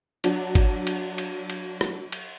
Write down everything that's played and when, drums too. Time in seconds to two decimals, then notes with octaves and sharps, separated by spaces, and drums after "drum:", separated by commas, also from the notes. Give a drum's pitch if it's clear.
0.24 F#3 D4, drum: cymbal
0.55 drum: kick, cymbal
0.87 drum: cymbal
1.18 drum: cymbal
1.50 drum: cymbal
1.81 drum: rim click
2.12 drum: cymbal